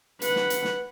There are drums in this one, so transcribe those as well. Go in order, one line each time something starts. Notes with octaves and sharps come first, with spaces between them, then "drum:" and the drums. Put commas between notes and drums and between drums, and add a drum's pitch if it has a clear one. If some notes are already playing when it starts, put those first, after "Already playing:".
B4 F#5, drum: hi-hat
drum: snare
drum: hi-hat
drum: snare